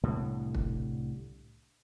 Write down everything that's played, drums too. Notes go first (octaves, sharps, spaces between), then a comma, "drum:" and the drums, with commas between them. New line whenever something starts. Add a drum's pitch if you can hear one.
C2 A2 D3 G3
drum: kick